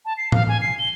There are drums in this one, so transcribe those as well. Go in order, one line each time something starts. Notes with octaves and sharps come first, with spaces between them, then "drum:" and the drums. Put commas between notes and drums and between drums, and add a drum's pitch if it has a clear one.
A5
C7
F5, drum: tom A2
G#5
C7
G7